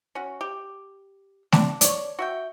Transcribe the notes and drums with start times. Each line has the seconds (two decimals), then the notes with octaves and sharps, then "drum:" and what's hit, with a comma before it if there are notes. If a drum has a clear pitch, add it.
0.15 C#4 F#4
0.41 G4
1.52 D4, drum: snare
1.81 C#5 D5, drum: hi-hat
2.19 F#4 E5 G5